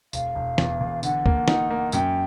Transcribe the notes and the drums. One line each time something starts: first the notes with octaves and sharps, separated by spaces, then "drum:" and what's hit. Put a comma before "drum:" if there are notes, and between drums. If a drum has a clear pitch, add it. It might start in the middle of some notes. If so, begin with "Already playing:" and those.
E1 F5, drum: tambourine
E1
E2, drum: snare
E2
D3 F#5, drum: tambourine
A#3, drum: kick
D#4, drum: snare
A#3
F#2 G5, drum: tambourine